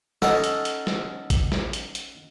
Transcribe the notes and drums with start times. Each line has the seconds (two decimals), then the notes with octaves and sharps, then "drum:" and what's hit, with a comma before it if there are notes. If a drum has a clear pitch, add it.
0.22 C#4 D#4 A4 F#5, drum: snare
0.44 drum: hi-hat
0.65 drum: hi-hat
0.87 drum: snare
1.30 drum: kick G#1, hi-hat
1.52 drum: snare
1.73 drum: hi-hat
1.95 drum: hi-hat